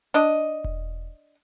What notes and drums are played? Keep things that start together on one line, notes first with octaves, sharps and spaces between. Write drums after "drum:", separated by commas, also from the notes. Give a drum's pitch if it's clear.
D4 D#5
drum: kick E1